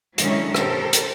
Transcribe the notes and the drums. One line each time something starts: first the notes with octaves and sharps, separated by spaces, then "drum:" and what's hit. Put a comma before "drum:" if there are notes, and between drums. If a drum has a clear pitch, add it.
D3 D#3 F#3 G#3 C#4 E4, drum: hi-hat
G4 A4 A#4 C5, drum: rim click
drum: hi-hat